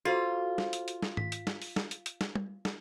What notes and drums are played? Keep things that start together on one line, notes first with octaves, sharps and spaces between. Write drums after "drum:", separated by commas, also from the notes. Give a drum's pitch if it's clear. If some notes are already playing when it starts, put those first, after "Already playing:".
F4 F#4 A4 C5
drum: snare
drum: hi-hat
drum: hi-hat
drum: snare
B6, drum: tom G#2
drum: hi-hat
drum: snare
drum: open hi-hat
drum: snare
drum: hi-hat
drum: hi-hat
drum: snare
drum: tom
drum: snare